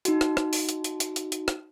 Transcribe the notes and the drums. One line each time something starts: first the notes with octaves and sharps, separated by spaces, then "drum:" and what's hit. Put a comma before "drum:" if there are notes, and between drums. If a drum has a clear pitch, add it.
D#4 F#4, drum: hi-hat
drum: rim click
drum: rim click
drum: open hi-hat
drum: hi-hat
drum: hi-hat
drum: hi-hat
drum: hi-hat
drum: hi-hat
drum: rim click